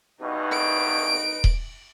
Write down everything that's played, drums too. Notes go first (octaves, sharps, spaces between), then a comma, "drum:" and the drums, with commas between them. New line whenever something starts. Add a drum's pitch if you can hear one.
E2 G2 B2 D#4 B4
D7
drum: kick D#1